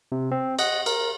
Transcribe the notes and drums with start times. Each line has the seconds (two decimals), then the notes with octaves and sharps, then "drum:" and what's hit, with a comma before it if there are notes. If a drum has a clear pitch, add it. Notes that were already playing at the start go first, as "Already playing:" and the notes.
0.12 C3
0.31 C4
0.59 D#5 F#5, drum: cymbal
0.86 A#4, drum: cymbal